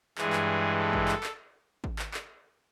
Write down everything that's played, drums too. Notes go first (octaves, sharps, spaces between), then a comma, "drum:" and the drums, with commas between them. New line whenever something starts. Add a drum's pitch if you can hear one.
G2 E3 G#3 G#4, drum: clap
drum: clap
A4
drum: kick G#1
drum: clap
drum: clap
drum: kick G#1
drum: clap
drum: clap